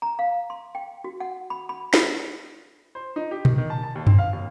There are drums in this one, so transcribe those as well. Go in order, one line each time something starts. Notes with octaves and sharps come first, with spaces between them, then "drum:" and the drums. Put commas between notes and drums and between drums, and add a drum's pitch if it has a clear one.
A#5
F5
C6
G5
F#4
F#5
B5
B5
drum: snare
C5
D#4
G4
D#3, drum: tom A#2
D#3
A5
A5
D#2
C4, drum: tom F#2
F5
D#2